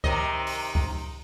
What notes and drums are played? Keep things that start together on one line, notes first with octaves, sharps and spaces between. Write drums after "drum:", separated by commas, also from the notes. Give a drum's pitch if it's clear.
C3 D#3 D#5, drum: kick C#2
drum: open hi-hat
drum: kick C#2